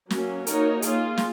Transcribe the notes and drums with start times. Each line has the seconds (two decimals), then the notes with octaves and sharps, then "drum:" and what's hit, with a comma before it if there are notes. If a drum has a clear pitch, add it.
0.10 F#3 A#3 C#4, drum: snare
0.47 A#3 D#4 F#4 A#4 C#5, drum: hi-hat
0.82 A#3 F4 G#4, drum: hi-hat
1.17 drum: snare